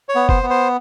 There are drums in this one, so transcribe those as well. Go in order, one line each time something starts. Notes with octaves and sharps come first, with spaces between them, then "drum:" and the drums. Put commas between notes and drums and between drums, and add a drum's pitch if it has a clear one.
C#5
B3
C5, drum: kick F#1
B3
C5